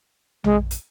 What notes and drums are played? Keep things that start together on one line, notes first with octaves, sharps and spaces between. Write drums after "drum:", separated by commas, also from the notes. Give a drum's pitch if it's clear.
G#3, drum: tom A#1
drum: hi-hat